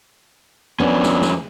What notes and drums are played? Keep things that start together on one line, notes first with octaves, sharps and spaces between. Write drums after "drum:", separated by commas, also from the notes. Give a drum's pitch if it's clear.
F2 B3 C#4 D4
drum: snare
drum: snare